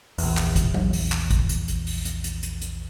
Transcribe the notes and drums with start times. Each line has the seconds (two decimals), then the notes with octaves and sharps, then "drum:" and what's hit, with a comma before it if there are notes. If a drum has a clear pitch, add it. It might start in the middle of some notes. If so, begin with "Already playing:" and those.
0.18 A#1 E2, drum: open hi-hat
0.37 drum: clap
0.56 drum: kick, hi-hat
0.74 drum: tom F#3
0.93 drum: open hi-hat
1.12 drum: clap
1.31 drum: kick, hi-hat
1.49 drum: hi-hat
1.68 drum: hi-hat
1.87 drum: open hi-hat
2.05 drum: hi-hat
2.24 drum: hi-hat
2.43 drum: hi-hat
2.61 drum: hi-hat